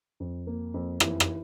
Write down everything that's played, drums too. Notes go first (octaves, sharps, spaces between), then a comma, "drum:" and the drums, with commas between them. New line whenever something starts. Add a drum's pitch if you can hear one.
F2
A#3
F2
E3, drum: rim click
drum: rim click